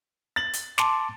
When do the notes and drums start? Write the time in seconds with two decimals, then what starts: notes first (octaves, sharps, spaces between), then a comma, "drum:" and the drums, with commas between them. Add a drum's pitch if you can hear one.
0.36 A6 F#7
0.53 drum: hi-hat
0.78 A5 C6 D6, drum: snare